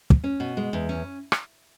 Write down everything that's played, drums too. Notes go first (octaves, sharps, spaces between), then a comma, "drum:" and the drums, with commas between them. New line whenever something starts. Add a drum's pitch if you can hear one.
drum: kick
C#4
B2
G#3
E2
C#4
drum: rim click